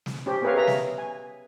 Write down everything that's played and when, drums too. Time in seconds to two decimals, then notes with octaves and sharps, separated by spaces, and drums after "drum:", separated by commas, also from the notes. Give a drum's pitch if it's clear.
0.06 drum: snare
0.26 C#4 G4 C5
0.42 B3 G#4 A#4 B4 C#5 F5
0.55 G#4 E5 A#5
0.67 drum: snare
0.98 G#5